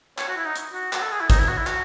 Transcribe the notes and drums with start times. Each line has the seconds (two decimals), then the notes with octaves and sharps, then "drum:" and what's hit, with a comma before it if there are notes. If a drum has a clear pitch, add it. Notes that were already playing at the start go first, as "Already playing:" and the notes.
0.18 C#5, drum: clap
0.28 F#4
0.37 E4
0.46 D#4
0.56 drum: hi-hat
0.73 F#4
0.93 F#4, drum: clap
1.01 A4
1.11 G#4
1.21 E4
1.30 D#4, drum: kick G#1, hi-hat
1.39 E4
1.48 F#4
1.58 E4
1.67 F#4, drum: clap